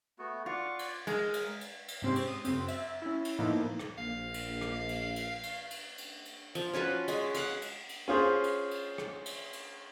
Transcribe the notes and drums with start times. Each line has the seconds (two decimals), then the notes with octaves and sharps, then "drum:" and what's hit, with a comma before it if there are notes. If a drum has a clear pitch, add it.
0.19 A3 B3 F#4
0.46 F4 D5 F#5 C#6
0.79 drum: cymbal
1.07 G#3 A#4, drum: cymbal
1.34 drum: cymbal
1.61 drum: cymbal
1.88 drum: cymbal
2.02 G#2 C3 C4 C#4 G4
2.16 drum: cymbal
2.27 D#6
2.45 F#2 C#3 C4, drum: cymbal
2.68 E5, drum: cymbal
3.02 C#4 E4
3.25 drum: cymbal
3.39 A2 F3 A#3 B3 D#4 E4
3.79 drum: rim click
3.98 A#1 F5
4.34 drum: cymbal
4.61 drum: rim click
4.89 drum: cymbal
5.16 drum: cymbal
5.43 drum: cymbal
5.71 drum: cymbal
5.98 drum: cymbal
6.25 drum: cymbal
6.55 F3, drum: cymbal
6.74 C#4 F4 F#4 B4
7.08 G#3, drum: cymbal
7.34 F5 F#5, drum: cymbal
7.62 drum: cymbal
7.89 drum: cymbal
8.08 C#4 F4 G#4 C5
8.44 drum: cymbal
8.71 drum: cymbal
8.98 drum: rim click
9.26 drum: cymbal
9.53 drum: cymbal